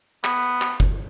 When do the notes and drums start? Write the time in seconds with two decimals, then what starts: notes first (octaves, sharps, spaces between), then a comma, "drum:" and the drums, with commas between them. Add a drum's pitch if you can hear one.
0.24 B3, drum: clap
0.62 drum: clap
0.80 drum: kick F#1